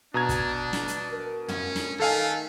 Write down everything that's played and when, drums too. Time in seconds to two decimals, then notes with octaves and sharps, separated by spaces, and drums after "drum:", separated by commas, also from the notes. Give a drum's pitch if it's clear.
0.14 B2 D4 A#5 G#6
0.29 drum: kick, hi-hat
0.73 drum: snare
0.88 drum: hi-hat
1.11 A#4
1.48 C#4, drum: tom
1.76 drum: snare
2.00 D#3 A3 A4 F5 G#5